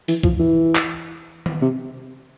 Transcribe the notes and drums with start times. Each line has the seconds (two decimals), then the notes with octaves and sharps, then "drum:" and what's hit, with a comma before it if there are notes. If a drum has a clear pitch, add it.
0.08 E3, drum: open hi-hat
0.23 F3, drum: kick
0.39 E3
0.75 drum: clap
1.46 drum: tom D#3
1.61 C3